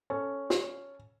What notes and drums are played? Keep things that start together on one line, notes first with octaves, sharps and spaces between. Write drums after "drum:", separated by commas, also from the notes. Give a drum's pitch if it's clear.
C#4 A4
drum: snare